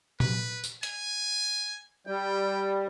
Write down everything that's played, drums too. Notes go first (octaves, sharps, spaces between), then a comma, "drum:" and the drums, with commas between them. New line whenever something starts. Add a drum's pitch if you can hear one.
B4, drum: tom A#2
drum: tambourine
G#5, drum: hi-hat
G3 G5